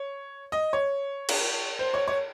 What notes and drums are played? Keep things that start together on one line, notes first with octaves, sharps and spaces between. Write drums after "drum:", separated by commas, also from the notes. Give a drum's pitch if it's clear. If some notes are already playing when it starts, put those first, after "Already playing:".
Already playing: C#5
D#5
C#5
drum: cymbal
C5
C#5
C#5